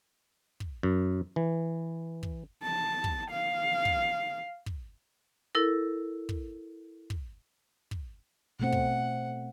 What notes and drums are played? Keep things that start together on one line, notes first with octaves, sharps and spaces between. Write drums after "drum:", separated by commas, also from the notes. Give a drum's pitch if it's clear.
drum: kick
F#2
E3
drum: kick
A5
drum: kick
F5
drum: kick
drum: kick
E4 A4 A#4
drum: kick
drum: kick
drum: kick
B2 A3 C4 F#5
drum: kick